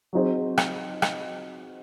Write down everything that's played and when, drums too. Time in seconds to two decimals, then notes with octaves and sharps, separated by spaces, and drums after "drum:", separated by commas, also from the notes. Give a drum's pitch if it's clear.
0.13 F#3 C4 D#4 G#4 C5
0.58 drum: rim click
1.02 drum: rim click